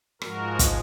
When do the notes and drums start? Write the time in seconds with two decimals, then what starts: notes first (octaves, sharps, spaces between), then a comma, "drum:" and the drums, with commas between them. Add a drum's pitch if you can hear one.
0.22 G#2 F3 G#3 F#4 A#4, drum: rim click
0.59 drum: kick, hi-hat